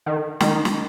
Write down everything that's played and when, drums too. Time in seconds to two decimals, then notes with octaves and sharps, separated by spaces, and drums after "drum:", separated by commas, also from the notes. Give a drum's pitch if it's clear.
0.06 D#3
0.40 D#3, drum: snare
0.65 drum: snare